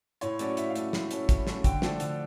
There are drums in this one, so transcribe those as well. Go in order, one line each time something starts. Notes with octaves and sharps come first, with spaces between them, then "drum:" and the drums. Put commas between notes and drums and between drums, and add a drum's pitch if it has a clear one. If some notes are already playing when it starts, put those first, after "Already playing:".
A2 C#5, drum: hi-hat
F#3 A3 C#4 D5, drum: hi-hat
A2 E5, drum: hi-hat
F5
F#3 A3 C#4, drum: hi-hat
A2, drum: snare
F#3 A3 C#4, drum: hi-hat
A2, drum: kick, hi-hat
F#3 A3 C#4, drum: snare
D3 G5, drum: kick, hi-hat
F3 A3 D4, drum: snare
D3, drum: hi-hat